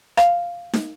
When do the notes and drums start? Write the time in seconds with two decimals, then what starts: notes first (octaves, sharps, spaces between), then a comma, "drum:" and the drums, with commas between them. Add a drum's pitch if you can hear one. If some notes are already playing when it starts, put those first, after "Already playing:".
0.17 F5, drum: rim click
0.73 drum: snare